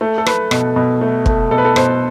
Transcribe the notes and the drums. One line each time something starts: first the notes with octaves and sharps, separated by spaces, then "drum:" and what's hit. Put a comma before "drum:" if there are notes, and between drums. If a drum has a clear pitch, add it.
A3 A4
A4
A3 B4, drum: rim click
B2, drum: rim click
B2
A3
A3, drum: kick
B2 A4
B4
A4
B2 C5, drum: rim click